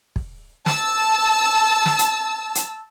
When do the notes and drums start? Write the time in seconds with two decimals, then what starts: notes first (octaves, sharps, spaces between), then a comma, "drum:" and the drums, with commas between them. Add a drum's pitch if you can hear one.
0.16 drum: kick
0.66 A5 E6, drum: snare
1.86 drum: snare
1.99 drum: hi-hat
2.55 drum: hi-hat